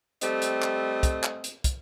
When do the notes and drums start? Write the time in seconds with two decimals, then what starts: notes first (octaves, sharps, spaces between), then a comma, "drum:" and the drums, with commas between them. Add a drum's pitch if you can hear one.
0.21 G3 A3 C4 D#5, drum: hi-hat
0.42 drum: hi-hat
0.62 drum: clap
1.03 drum: kick, hi-hat
1.24 drum: clap
1.44 drum: hi-hat
1.64 drum: kick, hi-hat